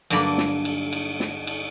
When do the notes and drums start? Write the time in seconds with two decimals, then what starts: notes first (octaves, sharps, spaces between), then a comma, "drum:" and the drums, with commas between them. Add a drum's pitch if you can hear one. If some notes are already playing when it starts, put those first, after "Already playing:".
0.10 G2 D3 F#3 A#3 A4 B5, drum: cymbal
0.38 drum: snare
0.65 drum: cymbal
0.93 drum: cymbal
1.20 drum: snare
1.47 drum: cymbal